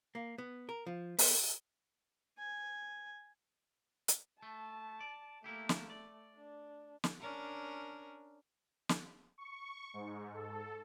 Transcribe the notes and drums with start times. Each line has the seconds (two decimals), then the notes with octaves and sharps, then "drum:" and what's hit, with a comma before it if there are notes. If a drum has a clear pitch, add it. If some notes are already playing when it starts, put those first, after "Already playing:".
0.15 A#3
0.38 B3
0.69 A#4
0.87 F3
1.19 B3, drum: open hi-hat
2.38 G#5
4.08 drum: hi-hat
4.43 A3 A5
5.00 D5
5.44 A3 A#3 E4 G4
5.69 drum: snare
5.90 D5
6.36 D4
7.04 drum: snare
7.20 C#4 D4 A#4
8.89 drum: snare
9.38 C#6
9.94 G#2
10.34 A4